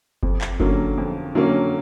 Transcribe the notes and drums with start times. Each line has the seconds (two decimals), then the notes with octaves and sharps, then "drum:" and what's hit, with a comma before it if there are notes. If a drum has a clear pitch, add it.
0.23 F2, drum: kick F#1
0.41 drum: clap
0.60 D3 F#3 A#3 C#4, drum: kick F#1
0.98 F2
1.35 D3 F#3 A#3 C#4